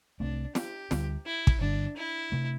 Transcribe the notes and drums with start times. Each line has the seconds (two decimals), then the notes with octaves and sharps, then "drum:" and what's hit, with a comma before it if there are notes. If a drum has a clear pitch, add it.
0.20 C2 C3 A3 C4 D4
0.55 G4, drum: snare
0.91 D2 D3 G3, drum: snare
1.26 E4
1.47 drum: kick
1.61 G1 G2 D3 G3 D4
1.97 E4
2.32 C3 A3